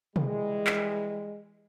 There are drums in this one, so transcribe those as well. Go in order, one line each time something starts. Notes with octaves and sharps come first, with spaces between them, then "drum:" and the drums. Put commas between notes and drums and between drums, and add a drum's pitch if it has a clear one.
E3 G3 G#3, drum: tom
drum: clap